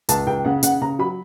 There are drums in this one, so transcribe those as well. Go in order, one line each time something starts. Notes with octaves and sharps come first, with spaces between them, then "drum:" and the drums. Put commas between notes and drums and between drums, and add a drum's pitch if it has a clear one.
C#2 A5, drum: hi-hat
C#2 G5
C#3 F#5
C#3 F#5, drum: hi-hat
C#3 A#5
F#3 B5